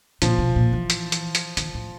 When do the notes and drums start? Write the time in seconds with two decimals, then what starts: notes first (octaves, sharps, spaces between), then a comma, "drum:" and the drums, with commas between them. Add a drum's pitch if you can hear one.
0.22 A#2 F3, drum: hi-hat
0.39 B2
0.56 A#2
0.73 E3
0.90 drum: hi-hat
1.12 drum: hi-hat
1.35 drum: hi-hat
1.57 D#3, drum: hi-hat
1.74 A2